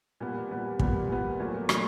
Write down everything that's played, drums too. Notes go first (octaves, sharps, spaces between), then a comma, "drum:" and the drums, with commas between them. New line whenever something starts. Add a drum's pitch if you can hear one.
A#2 G3 B3
A#2 G3 B3
A#2 G3 B3, drum: kick
A#2 G3 B3
A#2 F#3 A3
A#2 F#3 A3, drum: rim click